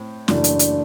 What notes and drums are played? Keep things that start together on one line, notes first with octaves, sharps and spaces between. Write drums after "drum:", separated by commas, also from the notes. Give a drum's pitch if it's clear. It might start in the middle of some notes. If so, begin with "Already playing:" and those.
Already playing: A2 C4
F#1 F#2 E3 A3 D4, drum: snare
drum: hi-hat
drum: hi-hat